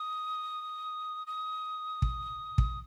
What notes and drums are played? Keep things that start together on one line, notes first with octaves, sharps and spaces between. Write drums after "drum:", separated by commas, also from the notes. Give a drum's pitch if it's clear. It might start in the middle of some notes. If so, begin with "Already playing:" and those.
Already playing: D#6
D#6
drum: kick
drum: kick